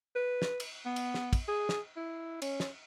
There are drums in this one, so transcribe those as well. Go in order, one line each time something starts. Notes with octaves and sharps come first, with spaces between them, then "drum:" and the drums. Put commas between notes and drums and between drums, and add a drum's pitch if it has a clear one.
B4
drum: snare
drum: cymbal
B3
drum: cymbal
drum: snare
drum: kick, cymbal
G#4
drum: snare
E4
C#4, drum: cymbal
drum: snare